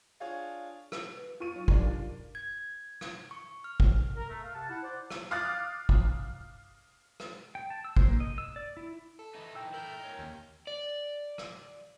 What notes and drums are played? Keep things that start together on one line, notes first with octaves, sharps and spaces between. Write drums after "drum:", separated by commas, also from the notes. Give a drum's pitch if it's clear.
D4 F4 G#4 C#5
drum: rim click
B4
F4 C#6 D#7
F#3 D#4 C#5
D4 D#4 F4 G4 A#5, drum: kick
A#4
G#6
drum: rim click
C#6
F6
drum: kick
A#4
A3
F5
C3 F#5 A5
E4 F#5
C5 D5
drum: rim click
F5 D6 D#6 F6 F#6 A6
drum: kick
drum: rim click
G5
A5
E6
C5, drum: kick
A#3
D#5
E6
D5
E4
A4
E3 D#4
G5 E6
A3 E4 A#4 G6
C#4 D#4
D#2
D5
drum: rim click